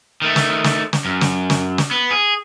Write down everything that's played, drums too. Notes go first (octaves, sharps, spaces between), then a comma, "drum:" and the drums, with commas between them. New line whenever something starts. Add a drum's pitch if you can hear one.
D#3 A3
drum: snare
drum: snare
drum: snare
F#2
drum: snare
drum: snare
drum: snare
B3
G#4